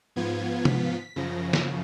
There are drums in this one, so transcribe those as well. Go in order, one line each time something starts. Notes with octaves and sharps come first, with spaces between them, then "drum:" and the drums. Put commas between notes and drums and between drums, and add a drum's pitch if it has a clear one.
G#2 F3 B3 F4 G#6
B6, drum: tom C3
F#2 C#3 F3 A#6
drum: snare